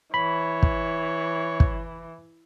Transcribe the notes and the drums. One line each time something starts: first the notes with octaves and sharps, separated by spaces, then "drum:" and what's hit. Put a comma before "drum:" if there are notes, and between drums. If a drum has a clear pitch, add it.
E3 C#5 B5
drum: kick
drum: kick